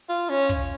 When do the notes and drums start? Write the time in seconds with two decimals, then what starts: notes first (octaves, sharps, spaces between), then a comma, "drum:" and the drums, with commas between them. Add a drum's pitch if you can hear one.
0.09 F4
0.30 C#4
0.49 drum: kick